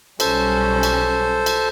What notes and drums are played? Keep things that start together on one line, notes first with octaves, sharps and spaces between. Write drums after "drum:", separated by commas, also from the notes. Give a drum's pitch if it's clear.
B1 G3 C#4 A4 C5, drum: cymbal
drum: cymbal
drum: cymbal